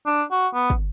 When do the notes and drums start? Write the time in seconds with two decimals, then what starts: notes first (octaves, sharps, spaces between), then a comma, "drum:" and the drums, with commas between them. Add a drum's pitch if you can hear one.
0.07 D4
0.31 F#4
0.54 B3
0.70 drum: kick